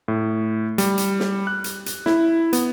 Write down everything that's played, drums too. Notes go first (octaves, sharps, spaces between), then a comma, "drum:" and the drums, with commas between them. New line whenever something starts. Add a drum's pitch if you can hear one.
A2
G3, drum: hi-hat
drum: hi-hat
drum: snare
F#6
drum: hi-hat
drum: hi-hat
E4, drum: snare
B3, drum: hi-hat